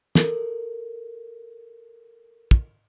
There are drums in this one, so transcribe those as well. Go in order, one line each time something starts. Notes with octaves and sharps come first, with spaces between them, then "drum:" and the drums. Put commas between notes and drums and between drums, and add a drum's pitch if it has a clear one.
A4 A#4, drum: snare
drum: kick